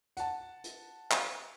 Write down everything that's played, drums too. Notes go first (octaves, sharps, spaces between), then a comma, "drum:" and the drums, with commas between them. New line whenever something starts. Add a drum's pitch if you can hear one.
F#5 A5, drum: hi-hat
drum: hi-hat
drum: clap